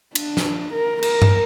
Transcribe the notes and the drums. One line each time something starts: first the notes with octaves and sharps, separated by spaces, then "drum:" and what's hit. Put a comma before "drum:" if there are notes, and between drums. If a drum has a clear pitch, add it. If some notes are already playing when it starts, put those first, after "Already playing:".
D4, drum: cymbal
drum: snare
A#4
A#4, drum: cymbal
drum: tom G2